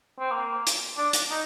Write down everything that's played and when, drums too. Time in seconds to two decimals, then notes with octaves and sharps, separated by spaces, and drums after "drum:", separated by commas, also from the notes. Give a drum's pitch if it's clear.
0.20 C4
0.31 A#3
0.67 drum: hi-hat
0.97 D4
1.13 drum: hi-hat
1.31 D#4